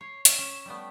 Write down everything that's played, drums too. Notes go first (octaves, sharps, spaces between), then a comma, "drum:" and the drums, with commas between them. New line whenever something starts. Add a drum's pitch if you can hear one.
C#5 C7
C#4 E5 E7, drum: hi-hat
C#4
G3 A3 B3 G5